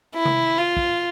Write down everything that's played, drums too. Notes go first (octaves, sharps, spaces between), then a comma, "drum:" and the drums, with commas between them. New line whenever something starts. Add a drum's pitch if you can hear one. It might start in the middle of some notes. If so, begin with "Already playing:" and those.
E4
drum: tom C3
F4
drum: kick